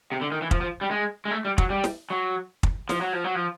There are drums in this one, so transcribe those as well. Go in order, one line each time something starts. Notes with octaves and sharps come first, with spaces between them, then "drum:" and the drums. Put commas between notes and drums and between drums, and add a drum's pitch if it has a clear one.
C3
D3
D#3
E3
F3, drum: kick
F3
G3
G#3
G#3
A3
G3
F#3, drum: kick
G3
drum: snare
F#3
drum: kick
F3, drum: snare
F#3
F3
F#3
F3